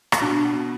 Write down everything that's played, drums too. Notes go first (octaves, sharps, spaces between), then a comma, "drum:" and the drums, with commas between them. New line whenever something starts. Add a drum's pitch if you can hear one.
drum: rim click
B2 D4
B3